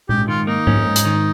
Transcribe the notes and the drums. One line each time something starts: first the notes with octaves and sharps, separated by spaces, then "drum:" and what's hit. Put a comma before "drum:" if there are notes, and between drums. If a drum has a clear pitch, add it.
G#2 G4, drum: tom A#2
D#3 F4
A#3 D#4
C#4, drum: tom G#2
G#2
drum: hi-hat
D#3